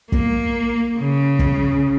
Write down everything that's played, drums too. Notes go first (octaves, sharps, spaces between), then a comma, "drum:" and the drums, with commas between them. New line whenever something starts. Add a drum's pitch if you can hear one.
A#3, drum: kick
C#3
drum: kick